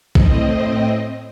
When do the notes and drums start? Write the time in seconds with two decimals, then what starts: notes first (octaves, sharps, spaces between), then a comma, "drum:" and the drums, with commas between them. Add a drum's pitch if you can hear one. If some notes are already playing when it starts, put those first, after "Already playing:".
0.15 A2 C4 D#5, drum: kick